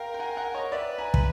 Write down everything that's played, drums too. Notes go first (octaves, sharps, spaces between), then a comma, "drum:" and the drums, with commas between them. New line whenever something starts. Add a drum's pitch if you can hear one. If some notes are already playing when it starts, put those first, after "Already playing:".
Already playing: A#4 F5 G5
G5
F#5 G#5
F#5 G#5
C#5 D#5
B4 D5 E5
G#5 A#5
B5, drum: kick